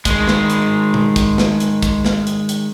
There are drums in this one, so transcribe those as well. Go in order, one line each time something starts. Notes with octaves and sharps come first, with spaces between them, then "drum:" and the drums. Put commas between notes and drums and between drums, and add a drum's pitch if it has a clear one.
D#3 G#3, drum: kick, hi-hat
drum: snare
drum: hi-hat
drum: tom
drum: kick, hi-hat
drum: snare
drum: hi-hat
drum: kick, hi-hat
drum: snare
drum: hi-hat
drum: hi-hat